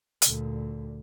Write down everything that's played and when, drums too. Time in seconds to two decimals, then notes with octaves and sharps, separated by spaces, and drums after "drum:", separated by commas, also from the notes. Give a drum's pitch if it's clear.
0.22 D2 A#2, drum: hi-hat